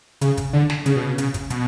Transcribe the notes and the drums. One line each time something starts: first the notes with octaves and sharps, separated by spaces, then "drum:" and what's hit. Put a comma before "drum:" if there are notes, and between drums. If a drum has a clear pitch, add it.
C#3, drum: hi-hat
drum: kick, hi-hat
D3
drum: snare
C#3, drum: hi-hat
B2
C#3
C#3, drum: hi-hat
drum: kick, hi-hat
B2, drum: hi-hat